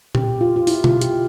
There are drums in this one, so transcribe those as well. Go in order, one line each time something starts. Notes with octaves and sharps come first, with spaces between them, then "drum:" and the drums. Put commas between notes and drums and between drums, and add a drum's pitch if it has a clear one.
G4, drum: tom A#2
F4
F4
E4, drum: open hi-hat
F4, drum: tom B2
G4, drum: hi-hat